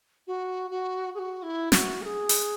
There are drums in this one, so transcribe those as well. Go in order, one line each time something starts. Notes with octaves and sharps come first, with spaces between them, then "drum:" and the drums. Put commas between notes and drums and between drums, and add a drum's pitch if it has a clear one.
F#4
F#4
G#4
F#4
E4
F#4, drum: snare
A#4
G#4
drum: open hi-hat